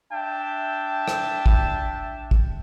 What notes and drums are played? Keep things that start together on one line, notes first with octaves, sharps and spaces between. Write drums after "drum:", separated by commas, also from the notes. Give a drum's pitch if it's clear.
D4 E5 G5 A5
drum: rim click
drum: kick
drum: kick